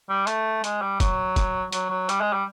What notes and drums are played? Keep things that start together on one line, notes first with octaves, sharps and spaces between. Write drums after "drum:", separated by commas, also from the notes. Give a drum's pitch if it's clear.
G3
A3, drum: hi-hat
G#3, drum: hi-hat
G3
F#3, drum: kick, hi-hat
drum: kick, hi-hat
F#3, drum: hi-hat
F#3
G3, drum: hi-hat
G#3
G3